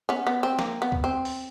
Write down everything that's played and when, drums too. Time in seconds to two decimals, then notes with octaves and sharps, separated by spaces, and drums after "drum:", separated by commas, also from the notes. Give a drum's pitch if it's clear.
0.09 B3 C#4
0.27 B3
0.43 C4
0.59 A#3, drum: snare
0.82 B3
0.92 drum: kick
1.04 C4
1.25 drum: open hi-hat